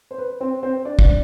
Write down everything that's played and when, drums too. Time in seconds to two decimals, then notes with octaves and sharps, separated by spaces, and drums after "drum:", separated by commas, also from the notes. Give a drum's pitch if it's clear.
0.11 C5
0.18 B4
0.40 C4 C5
0.63 C4 C5
0.85 D4 D5
0.99 drum: kick